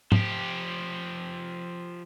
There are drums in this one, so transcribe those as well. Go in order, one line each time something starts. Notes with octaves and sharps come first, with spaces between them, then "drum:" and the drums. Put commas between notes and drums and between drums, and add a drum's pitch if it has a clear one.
F3 G4, drum: tom